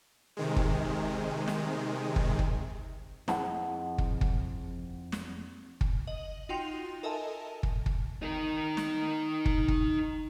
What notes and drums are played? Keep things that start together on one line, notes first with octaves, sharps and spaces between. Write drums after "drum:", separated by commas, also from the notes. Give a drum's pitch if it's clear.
C3 D#3 G#3
drum: kick
drum: snare
drum: kick
drum: kick
F2 E4 G#4 D#5 F#5 A5, drum: snare
drum: kick
drum: kick
drum: snare
drum: kick
D#5 F#7
D#4 F4 F#4 G5 C6 F7
A4 A#4 D#5 E5 G#5 A5
drum: kick
drum: kick
D#4 A#4
drum: snare
drum: kick
drum: kick